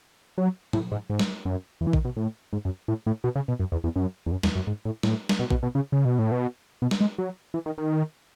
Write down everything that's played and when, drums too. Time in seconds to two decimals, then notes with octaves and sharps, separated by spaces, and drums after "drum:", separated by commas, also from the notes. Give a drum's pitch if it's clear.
0.38 F#3
0.73 A2, drum: tom
0.92 G#2
1.10 G#2
1.19 drum: snare
1.45 F#2
1.81 E2
1.87 E3
1.93 D#3, drum: kick A1
2.05 B2
2.17 A2
2.53 G#2
2.65 F#2
2.88 A2
3.07 A2
3.24 B2
3.35 C#3
3.48 B2
3.60 F#2
3.72 E2
3.84 E2
3.96 F#2
4.26 E2
4.31 F#2
4.43 E2, drum: snare
4.55 F#2
4.67 G#2
4.85 A2
5.03 A2, drum: snare
5.29 drum: snare
5.39 B2
5.50 B2, drum: kick A1
5.63 B2
5.75 C#3
5.92 C#3
6.05 B2
6.19 A2
6.32 B2
6.82 B2
6.91 drum: snare
7.01 G#3
7.18 F#3
7.54 E3
7.66 D#3
7.78 D#3